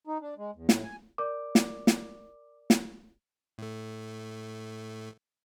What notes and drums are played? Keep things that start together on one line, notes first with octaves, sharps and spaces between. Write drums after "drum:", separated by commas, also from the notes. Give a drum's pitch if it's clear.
D#4
D4
G#3
E2
A2, drum: snare
G#5
A#4 D5 D6
drum: snare
drum: snare
drum: snare
A2 A3